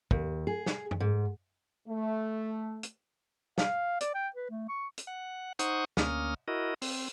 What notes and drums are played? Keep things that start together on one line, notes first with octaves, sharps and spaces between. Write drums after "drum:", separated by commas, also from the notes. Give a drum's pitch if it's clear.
D#2, drum: kick
G#4
drum: snare
drum: tom F#2
G#2
A3
drum: hi-hat
F5, drum: snare
D5, drum: hi-hat
G5
B4
A3
C#6
drum: hi-hat
F#5
D#4 C5 F#5 C#6 D#6, drum: hi-hat
D2 A#3 C#4 D#6 F6, drum: snare
E4 F#4 A#4 D#5
C4, drum: open hi-hat